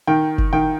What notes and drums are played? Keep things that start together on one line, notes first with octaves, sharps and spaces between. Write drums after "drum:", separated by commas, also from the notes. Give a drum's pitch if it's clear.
D#3 G5
drum: kick F#1
D#3 G5